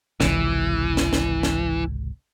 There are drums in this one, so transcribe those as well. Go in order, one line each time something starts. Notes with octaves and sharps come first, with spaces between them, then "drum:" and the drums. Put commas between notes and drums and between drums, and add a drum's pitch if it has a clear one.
G#1 C#2 C3 E3, drum: snare
drum: snare
drum: snare
drum: snare